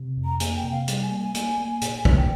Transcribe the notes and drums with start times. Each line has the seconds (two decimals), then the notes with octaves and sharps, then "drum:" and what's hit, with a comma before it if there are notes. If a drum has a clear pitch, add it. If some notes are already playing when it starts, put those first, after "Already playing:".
Already playing: C3
0.17 F2
0.25 A#5
0.40 A#3 G#5, drum: hi-hat
0.56 G5
0.64 C3
0.72 F5
0.88 G3, drum: hi-hat
1.02 G#5
1.11 A#3
1.19 G#5
1.35 A#3, drum: hi-hat
1.58 A#3
1.82 A#2, drum: hi-hat
2.05 A#3, drum: kick
2.17 G5